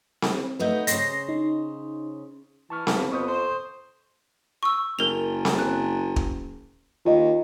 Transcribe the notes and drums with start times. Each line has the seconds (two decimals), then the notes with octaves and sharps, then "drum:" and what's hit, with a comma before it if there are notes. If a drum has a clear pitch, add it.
0.22 drum: snare C4
0.59 A3 B3 D#4 B4 G6
0.87 C#3 C5 A#6 C7, drum: hi-hat
1.29 D#4
2.70 E3 A5 C#6 F6
2.87 A#3 B3, drum: snare C4
3.12 F2 B3 C#6 D#6 G6
3.28 C5
4.63 C#6 E6
4.99 F#1 A#4 F7
5.45 drum: snare C4
5.59 F#6
6.16 drum: kick
7.05 D#2 F4 D#5